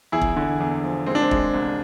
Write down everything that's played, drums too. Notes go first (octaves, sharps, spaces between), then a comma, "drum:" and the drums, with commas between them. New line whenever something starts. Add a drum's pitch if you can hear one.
E2 E4 G#4
drum: kick
D3
E2
F3
G#3 C4
D4
C4
G#3, drum: kick
C2